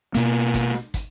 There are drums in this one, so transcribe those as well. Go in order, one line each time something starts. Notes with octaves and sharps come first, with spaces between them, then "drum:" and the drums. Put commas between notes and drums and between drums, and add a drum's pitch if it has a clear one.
B2 A#3, drum: hi-hat
drum: kick, hi-hat
drum: snare
drum: kick, hi-hat